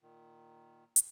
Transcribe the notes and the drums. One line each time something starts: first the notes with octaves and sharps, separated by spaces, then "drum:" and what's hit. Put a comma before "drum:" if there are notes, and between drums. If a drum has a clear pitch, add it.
A#2 D#3
drum: hi-hat